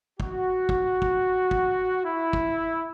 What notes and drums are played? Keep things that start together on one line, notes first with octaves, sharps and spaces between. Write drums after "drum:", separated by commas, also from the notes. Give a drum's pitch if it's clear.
F#4, drum: kick
drum: kick
drum: kick
drum: kick
E4
drum: kick